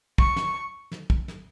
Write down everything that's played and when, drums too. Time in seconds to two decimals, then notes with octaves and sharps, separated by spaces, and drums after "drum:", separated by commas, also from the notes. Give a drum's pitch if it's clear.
0.18 C#6, drum: kick
0.36 drum: snare
0.91 drum: snare
1.10 drum: kick
1.28 drum: snare